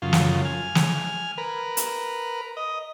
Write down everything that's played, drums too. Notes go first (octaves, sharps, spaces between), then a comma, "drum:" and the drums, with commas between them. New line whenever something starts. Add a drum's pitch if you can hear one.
F#2 C#3 F4
drum: snare
G#5 F6
drum: snare
A#4 B4
drum: hi-hat
D#5